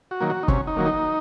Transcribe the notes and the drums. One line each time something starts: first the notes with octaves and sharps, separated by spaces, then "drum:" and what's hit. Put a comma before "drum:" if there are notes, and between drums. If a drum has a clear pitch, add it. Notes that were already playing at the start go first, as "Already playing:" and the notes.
F#4
D#3 F#3 A#3
F#4
D#4
C3 C#4, drum: kick
D#4
D#3 F#3 A#3
D#4